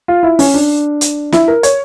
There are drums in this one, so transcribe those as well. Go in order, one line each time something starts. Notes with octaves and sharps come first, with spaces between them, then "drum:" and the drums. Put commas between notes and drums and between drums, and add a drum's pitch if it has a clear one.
F4
E4
C#4, drum: open hi-hat
D4
drum: hi-hat
E4, drum: snare
A#4
C#5, drum: hi-hat